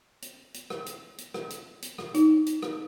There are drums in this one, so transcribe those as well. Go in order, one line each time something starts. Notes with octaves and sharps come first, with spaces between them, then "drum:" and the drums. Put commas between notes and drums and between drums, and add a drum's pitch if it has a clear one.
drum: hi-hat
drum: hi-hat
drum: rim click
drum: hi-hat
drum: hi-hat
drum: rim click
drum: hi-hat
drum: hi-hat
drum: rim click
D#4, drum: hi-hat
drum: hi-hat
drum: rim click